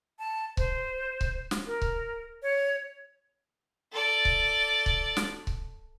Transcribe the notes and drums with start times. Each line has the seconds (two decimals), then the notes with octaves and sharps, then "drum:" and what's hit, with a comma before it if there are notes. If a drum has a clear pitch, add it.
0.19 A5
0.57 C5, drum: kick C#1
1.21 drum: kick C#1
1.51 drum: snare
1.67 A#4
1.82 drum: kick C#1
2.42 C#5
3.92 A4 D5
4.25 drum: kick C#1
4.86 drum: kick C#1
5.17 drum: snare
5.47 drum: kick C#1